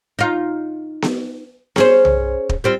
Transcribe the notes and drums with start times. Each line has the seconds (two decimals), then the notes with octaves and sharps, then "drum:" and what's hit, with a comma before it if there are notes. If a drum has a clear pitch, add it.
0.19 D#4 F4
1.02 drum: snare B3
1.76 C#4 G#4 C5, drum: snare B3
2.05 drum: tom B1
2.49 drum: kick
2.64 G3 C4 F4